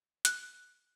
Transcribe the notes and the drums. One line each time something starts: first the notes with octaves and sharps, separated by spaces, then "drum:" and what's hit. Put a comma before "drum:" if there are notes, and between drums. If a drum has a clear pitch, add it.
F#6, drum: hi-hat